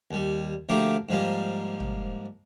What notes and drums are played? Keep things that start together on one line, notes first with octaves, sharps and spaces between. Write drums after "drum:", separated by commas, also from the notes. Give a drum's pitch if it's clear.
D#2 G3
D2 F3 A3 A#3 G4 D6
G#2 F3 G3 A#3
drum: tom